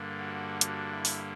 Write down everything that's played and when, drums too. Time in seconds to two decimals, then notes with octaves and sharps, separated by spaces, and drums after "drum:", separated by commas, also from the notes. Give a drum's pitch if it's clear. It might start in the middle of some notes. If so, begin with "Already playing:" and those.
Already playing: G2 D3 A#3
0.19 F#4
0.61 F#4, drum: hi-hat
0.91 E4
1.05 drum: open hi-hat